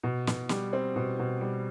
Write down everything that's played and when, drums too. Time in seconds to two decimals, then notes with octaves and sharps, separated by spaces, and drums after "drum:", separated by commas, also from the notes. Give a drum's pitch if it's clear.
0.03 B2
0.27 B2, drum: snare
0.49 G3, drum: snare
0.73 C4
0.96 B2
1.19 B2
1.41 G3